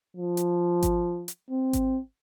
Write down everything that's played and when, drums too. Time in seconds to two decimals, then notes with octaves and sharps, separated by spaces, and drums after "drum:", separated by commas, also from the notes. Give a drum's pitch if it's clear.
0.17 F3
0.37 drum: hi-hat
0.83 drum: kick G#1, hi-hat
1.28 drum: hi-hat
1.51 C4
1.73 drum: kick G#1, hi-hat